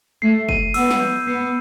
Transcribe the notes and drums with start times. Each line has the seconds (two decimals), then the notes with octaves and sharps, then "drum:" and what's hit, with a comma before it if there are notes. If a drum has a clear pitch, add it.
0.22 A3 C7
0.49 D#7, drum: kick
0.74 B3 E6, drum: cymbal
0.91 drum: snare
1.00 G6
1.27 B3 C7